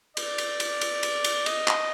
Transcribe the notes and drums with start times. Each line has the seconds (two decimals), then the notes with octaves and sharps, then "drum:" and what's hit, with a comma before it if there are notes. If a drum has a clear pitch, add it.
0.17 D5, drum: cymbal
0.38 drum: cymbal
0.60 drum: cymbal
0.81 drum: cymbal
1.03 drum: cymbal
1.24 drum: cymbal
1.46 D#5, drum: cymbal
1.68 drum: clap